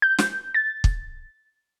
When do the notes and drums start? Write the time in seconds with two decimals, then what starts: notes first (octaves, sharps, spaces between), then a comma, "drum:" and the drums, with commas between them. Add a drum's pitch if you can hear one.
0.02 G6
0.18 drum: snare
0.54 A6
0.84 drum: kick